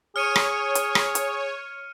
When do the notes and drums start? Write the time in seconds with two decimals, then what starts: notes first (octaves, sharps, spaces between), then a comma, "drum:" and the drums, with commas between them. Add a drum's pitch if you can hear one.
0.16 G#4 C#5 F6 C#7 D#7
0.36 drum: rim click
0.75 drum: hi-hat
0.95 drum: rim click
1.15 drum: hi-hat